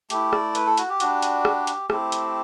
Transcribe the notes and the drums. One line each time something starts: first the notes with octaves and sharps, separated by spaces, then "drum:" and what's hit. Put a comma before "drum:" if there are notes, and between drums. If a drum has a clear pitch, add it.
A3 E4 G4, drum: hi-hat
D5, drum: rim click
B4, drum: hi-hat
A4
F#4, drum: hi-hat
G4
G3 D4 F#4, drum: hi-hat
drum: hi-hat
drum: rim click
drum: hi-hat
A3 C4 E4 G4, drum: rim click
drum: hi-hat